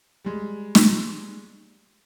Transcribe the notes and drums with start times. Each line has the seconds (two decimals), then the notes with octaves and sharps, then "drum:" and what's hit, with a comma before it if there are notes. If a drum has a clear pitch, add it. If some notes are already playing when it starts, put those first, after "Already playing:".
0.25 G3 G#3
0.75 drum: snare